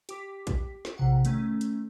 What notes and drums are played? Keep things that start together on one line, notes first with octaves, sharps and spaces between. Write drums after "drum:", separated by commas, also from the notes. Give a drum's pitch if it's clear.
G4 D6 B6, drum: hi-hat
drum: kick, hi-hat
drum: snare
A#1 C3 F#5
D#3 A3 C#4, drum: hi-hat
drum: hi-hat